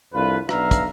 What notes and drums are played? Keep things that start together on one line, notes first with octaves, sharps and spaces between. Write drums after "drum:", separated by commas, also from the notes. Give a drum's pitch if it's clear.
C2 F2 D4 F4 B4
B1 B3 D4 E5 F5 A#5, drum: rim click
drum: kick, hi-hat